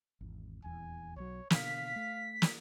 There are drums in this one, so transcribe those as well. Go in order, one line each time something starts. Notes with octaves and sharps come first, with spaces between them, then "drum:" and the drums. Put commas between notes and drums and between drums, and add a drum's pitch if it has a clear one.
G#1 E2
D#1 E2 G#5
B1 F#3 C#5
B2 D3 F5 B6, drum: snare
A3
drum: snare